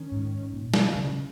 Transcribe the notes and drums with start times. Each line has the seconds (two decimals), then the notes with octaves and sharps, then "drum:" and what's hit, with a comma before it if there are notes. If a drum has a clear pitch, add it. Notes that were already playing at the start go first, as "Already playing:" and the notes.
Already playing: D#3 C#4
0.12 G#2
0.53 A#2
0.74 B2, drum: snare
0.95 C#3